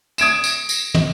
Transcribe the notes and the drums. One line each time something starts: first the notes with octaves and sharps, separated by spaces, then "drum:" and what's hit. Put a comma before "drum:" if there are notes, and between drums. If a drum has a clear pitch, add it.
D#6 G#6 D7 E7, drum: tambourine
drum: tambourine
drum: tambourine
drum: tom